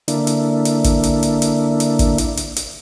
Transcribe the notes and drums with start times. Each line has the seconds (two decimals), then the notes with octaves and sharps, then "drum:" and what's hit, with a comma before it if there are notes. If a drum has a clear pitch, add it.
0.08 D3 A#3 D4 E4, drum: hi-hat
0.27 drum: hi-hat
0.65 drum: hi-hat
0.84 drum: kick, hi-hat
1.03 drum: hi-hat
1.23 drum: hi-hat
1.42 drum: hi-hat
1.80 drum: hi-hat
1.99 drum: kick, hi-hat
2.18 drum: hi-hat
2.37 drum: hi-hat
2.56 drum: hi-hat